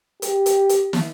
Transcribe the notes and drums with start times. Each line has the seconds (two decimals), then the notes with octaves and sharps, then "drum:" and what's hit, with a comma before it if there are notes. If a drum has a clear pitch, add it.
0.22 G4, drum: hi-hat
0.46 drum: hi-hat
0.69 drum: hi-hat
0.93 drum: snare